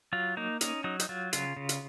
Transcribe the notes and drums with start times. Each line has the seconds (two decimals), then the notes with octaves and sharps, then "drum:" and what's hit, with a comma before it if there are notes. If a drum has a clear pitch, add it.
0.13 F#3 F4
0.37 A#3 D#4
0.61 C#4 D#4, drum: hi-hat
0.84 F#3 D#4
1.00 D#4, drum: hi-hat
1.09 F#3 F4
1.33 C#3 F4, drum: hi-hat
1.56 C#3
1.69 drum: hi-hat